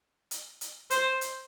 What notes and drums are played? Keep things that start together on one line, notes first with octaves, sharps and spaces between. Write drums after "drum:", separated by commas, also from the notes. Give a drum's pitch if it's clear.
drum: hi-hat
drum: hi-hat
C5, drum: hi-hat
drum: hi-hat